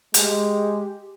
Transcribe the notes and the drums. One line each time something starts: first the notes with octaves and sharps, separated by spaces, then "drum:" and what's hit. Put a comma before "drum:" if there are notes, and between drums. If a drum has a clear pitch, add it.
G#3 G4, drum: hi-hat